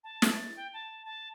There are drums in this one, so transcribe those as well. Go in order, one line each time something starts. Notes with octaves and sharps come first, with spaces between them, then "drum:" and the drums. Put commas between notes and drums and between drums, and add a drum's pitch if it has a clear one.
A5
drum: snare
A6
G5
A5
A5